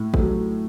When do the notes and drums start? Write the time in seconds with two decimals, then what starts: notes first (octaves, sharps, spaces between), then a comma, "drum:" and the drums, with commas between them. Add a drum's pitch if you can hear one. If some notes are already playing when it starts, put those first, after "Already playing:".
Already playing: A2
0.14 F#3 A3, drum: kick G#1